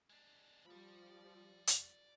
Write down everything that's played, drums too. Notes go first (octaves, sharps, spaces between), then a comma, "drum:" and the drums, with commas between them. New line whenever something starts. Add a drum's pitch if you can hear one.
G#3 D4
F3 G3 D5 B5
drum: hi-hat